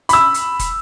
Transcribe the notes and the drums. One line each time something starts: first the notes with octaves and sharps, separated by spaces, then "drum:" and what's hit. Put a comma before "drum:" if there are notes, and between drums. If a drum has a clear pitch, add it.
B5 E6, drum: hi-hat
drum: hi-hat
drum: kick, hi-hat